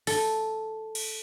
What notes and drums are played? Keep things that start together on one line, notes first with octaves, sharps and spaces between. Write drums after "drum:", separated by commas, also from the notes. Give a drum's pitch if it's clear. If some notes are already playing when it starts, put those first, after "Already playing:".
A4, drum: open hi-hat
drum: cymbal